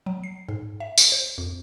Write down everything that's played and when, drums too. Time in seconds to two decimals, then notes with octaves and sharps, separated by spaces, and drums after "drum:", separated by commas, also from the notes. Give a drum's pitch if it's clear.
0.06 F#3
0.24 C7
0.49 G#2
0.80 E5
0.98 drum: tambourine
1.12 C5
1.38 F2